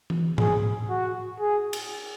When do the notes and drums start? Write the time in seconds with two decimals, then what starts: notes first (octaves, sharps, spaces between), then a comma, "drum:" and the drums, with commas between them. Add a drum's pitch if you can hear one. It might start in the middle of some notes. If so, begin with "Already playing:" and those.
0.10 drum: tom E3
0.38 G#4, drum: tom G#2
0.89 F#4
1.39 G#4
1.73 drum: cymbal